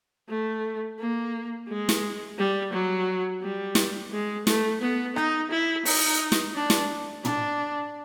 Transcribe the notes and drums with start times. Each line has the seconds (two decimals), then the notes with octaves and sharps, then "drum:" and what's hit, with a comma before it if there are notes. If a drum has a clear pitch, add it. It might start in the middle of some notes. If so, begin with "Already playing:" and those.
0.29 A3
0.99 A#3
1.68 G#3
1.89 drum: snare
2.38 G3
2.73 F#3
3.42 G3
3.75 drum: snare
4.12 G#3
4.47 A3, drum: snare
4.81 B3
5.16 D#4, drum: rim click
5.51 E4
5.85 D#4, drum: open hi-hat
6.32 drum: snare
6.55 D4
6.70 drum: snare
7.25 D4, drum: tom